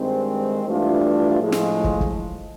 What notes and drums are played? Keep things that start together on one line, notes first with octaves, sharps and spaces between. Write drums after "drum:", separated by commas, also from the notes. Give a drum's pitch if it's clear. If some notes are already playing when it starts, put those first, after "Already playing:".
Already playing: G2 D#3 G#3 C4
G2 E3 A3 D4 F4
A2 F3 G#3
drum: snare
drum: kick
drum: kick